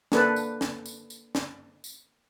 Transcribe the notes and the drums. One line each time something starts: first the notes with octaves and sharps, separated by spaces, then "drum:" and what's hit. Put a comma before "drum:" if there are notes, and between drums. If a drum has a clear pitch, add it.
A#3 D4 A4 B4 A5, drum: snare
drum: tambourine
drum: snare
drum: tambourine
drum: tambourine
drum: snare
drum: tambourine